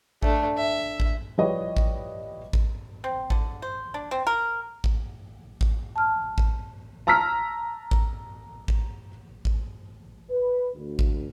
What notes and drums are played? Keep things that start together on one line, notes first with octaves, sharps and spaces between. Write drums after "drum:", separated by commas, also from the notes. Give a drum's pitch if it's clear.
A3 D4, drum: kick A1
E5
drum: kick A1
F3 G3 E4 B4 C#5 D#5
drum: kick A1
drum: kick A1
C4
D3, drum: kick A1
C5
D4
C4
A#4
drum: kick A1
drum: kick A1
A5 F6
drum: kick A1
A5 A#5 E6 F6 B6
drum: kick A1
drum: kick A1
drum: kick A1
B4
D2
drum: kick A1